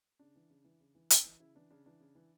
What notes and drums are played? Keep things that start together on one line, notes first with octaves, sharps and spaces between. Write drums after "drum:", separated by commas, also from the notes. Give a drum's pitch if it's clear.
C#3 D4
E3
C#3
E3
C#3
E3
C#3, drum: hi-hat
E3
C#3 E4
E3 D4
C#3 D4
E3 D4
C#3
E3